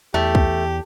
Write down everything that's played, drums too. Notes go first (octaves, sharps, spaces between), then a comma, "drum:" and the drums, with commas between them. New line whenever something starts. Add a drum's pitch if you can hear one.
E2 A3 G4
drum: kick